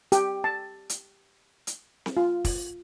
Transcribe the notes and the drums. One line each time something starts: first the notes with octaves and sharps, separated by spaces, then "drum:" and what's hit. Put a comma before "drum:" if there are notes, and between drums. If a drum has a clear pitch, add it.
G4, drum: hi-hat
A5
drum: hi-hat
drum: hi-hat
drum: snare C4
F4
drum: kick, open hi-hat